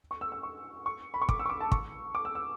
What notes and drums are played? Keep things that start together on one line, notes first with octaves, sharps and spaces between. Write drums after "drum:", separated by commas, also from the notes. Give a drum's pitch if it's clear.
C#6
E6
E6
C#6
C#6
B5
C#6
D6, drum: kick
E6
C#6
D6
A5
C#6, drum: kick
D6
E6
E6